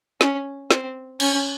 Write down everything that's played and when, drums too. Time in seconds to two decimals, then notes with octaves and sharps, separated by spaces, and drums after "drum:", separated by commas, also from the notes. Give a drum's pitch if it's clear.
0.21 C#4, drum: snare
0.71 C4, drum: snare
1.20 C#4, drum: cymbal